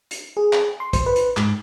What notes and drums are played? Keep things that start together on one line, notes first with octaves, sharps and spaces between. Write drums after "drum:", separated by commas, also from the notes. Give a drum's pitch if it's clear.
drum: hi-hat
G#4
drum: clap
C6
C5, drum: kick, hi-hat
B4
drum: hi-hat
G#2, drum: clap